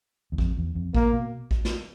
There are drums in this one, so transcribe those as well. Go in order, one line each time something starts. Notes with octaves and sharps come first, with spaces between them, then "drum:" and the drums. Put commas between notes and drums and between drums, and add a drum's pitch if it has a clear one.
E2
F2, drum: kick A#1
E2
F2
A#2 A#3, drum: kick A#1
B2
drum: kick A#1
drum: snare